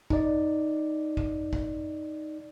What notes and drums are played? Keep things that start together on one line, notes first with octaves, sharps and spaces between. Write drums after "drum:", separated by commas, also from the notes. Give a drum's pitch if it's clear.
D#4 D5, drum: kick
drum: kick
drum: kick